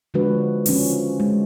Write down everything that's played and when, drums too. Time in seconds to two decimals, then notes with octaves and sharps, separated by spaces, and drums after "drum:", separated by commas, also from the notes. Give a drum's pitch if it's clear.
0.14 D3 F3 G#3 D4 F#4 B4
0.66 F3 C#4 D#4 F#4, drum: open hi-hat
1.20 G#3